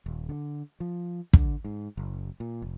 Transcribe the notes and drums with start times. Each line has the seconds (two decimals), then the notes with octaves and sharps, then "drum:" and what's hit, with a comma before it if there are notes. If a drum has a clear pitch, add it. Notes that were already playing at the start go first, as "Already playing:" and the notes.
0.06 D#1
0.29 D3
0.80 F3
1.33 D3, drum: kick
1.65 G#2
1.97 F#1
2.40 A#2
2.62 F1